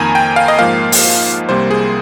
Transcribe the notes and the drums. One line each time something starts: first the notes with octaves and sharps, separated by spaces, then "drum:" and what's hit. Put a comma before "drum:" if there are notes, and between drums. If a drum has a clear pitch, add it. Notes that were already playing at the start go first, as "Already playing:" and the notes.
Already playing: F2 D#3 A#3 G#5 A#5
G5
F5
D#5
G#2 F3 A#3 F5
drum: open hi-hat
C2 C3 G3 A#3 C5
G#4